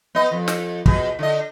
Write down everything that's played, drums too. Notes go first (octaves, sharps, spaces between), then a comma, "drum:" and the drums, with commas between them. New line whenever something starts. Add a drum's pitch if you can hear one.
B3 D#5
F2
drum: snare
B2 G#4, drum: kick
D3 D#5